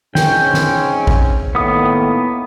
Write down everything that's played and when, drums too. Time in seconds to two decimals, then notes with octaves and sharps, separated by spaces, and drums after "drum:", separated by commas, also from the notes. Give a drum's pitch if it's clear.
0.15 G#2 C4 C#4 G5, drum: snare
0.54 drum: snare
1.07 drum: kick
1.55 A2 D#3 A#3 B3 D#6